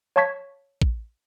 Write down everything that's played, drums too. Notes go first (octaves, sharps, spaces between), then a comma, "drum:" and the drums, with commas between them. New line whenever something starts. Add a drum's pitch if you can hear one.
C#5 F5 A5 C#6 G#6 B6
drum: kick